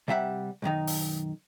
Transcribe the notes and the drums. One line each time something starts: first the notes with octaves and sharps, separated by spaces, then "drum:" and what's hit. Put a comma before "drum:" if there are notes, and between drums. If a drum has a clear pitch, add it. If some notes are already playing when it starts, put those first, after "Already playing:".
C3 G3 E5 F#5
B1 F#2 D#3 D#4
drum: open hi-hat